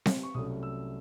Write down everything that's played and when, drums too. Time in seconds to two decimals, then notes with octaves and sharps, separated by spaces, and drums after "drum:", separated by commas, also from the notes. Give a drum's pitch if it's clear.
0.06 drum: snare C4
0.23 C#6
0.34 C2 C3 F#3 A3 C#4 D#6
0.63 E6